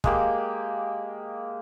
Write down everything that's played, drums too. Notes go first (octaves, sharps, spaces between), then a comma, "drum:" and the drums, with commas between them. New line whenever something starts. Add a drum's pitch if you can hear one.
G#3 A#3 G4, drum: kick